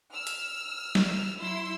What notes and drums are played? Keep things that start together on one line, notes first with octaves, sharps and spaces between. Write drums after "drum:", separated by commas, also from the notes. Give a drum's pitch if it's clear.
E6 F6
drum: hi-hat
drum: snare
F#3 E4 C6 E6